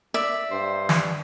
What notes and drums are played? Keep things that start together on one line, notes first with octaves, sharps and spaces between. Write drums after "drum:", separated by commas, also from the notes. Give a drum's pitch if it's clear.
D5 E5
G2 C5
drum: snare